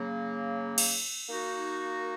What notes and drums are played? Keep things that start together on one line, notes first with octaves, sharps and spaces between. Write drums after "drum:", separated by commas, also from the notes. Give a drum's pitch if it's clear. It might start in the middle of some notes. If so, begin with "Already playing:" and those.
Already playing: C#3 F#3 A#3
drum: cymbal
A#3 D#4 F#4